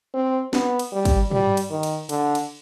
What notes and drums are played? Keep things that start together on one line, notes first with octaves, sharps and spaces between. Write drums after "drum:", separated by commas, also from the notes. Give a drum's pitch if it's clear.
C4
B3, drum: snare
drum: cymbal
G3
drum: kick, cymbal
G3, drum: tom
drum: cymbal
D#3
drum: cymbal
D3, drum: cymbal
drum: cymbal